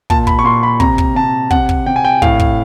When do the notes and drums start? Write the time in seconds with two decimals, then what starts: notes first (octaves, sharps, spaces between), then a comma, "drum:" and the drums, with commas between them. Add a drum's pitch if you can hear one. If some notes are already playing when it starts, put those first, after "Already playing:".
0.10 A#2 A5, drum: kick
0.27 B5, drum: kick
0.39 C#6
0.44 A#2 C6
0.63 B5
0.80 C3 A#5, drum: kick
0.98 drum: kick
1.15 C3 A5
1.51 C3 F#5, drum: kick
1.69 drum: kick
1.86 C3 G5
1.96 G#5
2.05 G5
2.22 A2 F5, drum: kick
2.40 drum: kick